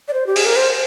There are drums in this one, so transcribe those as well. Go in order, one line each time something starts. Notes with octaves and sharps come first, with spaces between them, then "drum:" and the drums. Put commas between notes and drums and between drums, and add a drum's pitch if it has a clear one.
D5
C5
G4
G#4, drum: open hi-hat
A#4
C5